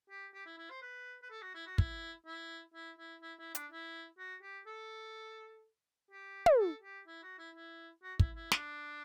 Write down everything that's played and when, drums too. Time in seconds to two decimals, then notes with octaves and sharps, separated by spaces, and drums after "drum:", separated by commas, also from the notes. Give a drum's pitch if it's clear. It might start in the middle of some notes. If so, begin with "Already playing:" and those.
0.10 G4
0.34 G4
0.46 E4
0.58 E4
0.70 C5
0.82 B4
1.23 B4
1.31 A4
1.42 F#4
1.55 E4
1.67 F#4
1.78 E4, drum: kick
2.26 E4
2.74 E4
2.99 E4
3.22 E4
3.39 E4
3.55 D4, drum: hi-hat
3.71 E4
4.18 F#4
4.42 G4
4.67 A4
6.11 G4
6.46 drum: tom
6.58 A4
6.83 G4
7.07 E4
7.23 F#4
7.39 E4
7.55 E4
8.03 F#4
8.19 E4, drum: kick
8.36 E4
8.52 D4, drum: snare